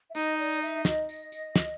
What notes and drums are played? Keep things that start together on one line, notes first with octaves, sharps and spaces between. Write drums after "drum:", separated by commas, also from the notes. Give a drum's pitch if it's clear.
E5
D#4 D#5, drum: tambourine
D5, drum: tambourine
E5, drum: tambourine
D#5, drum: snare
drum: tambourine
drum: tambourine
drum: snare